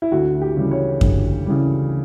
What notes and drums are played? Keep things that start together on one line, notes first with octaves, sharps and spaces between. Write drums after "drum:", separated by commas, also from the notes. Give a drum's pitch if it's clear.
E4
D2 F#4
G4
C#3 E3 G3
C#5
D2, drum: kick F#2
C#3 E3 G3